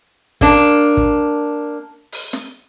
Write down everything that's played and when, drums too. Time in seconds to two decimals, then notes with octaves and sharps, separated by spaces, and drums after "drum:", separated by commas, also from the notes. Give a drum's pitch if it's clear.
0.41 A#3 D4, drum: kick
0.97 drum: kick
2.12 drum: open hi-hat
2.33 drum: snare